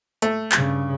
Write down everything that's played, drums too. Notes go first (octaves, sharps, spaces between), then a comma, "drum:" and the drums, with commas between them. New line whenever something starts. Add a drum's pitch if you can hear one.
A3, drum: hi-hat
G2 C#3, drum: clap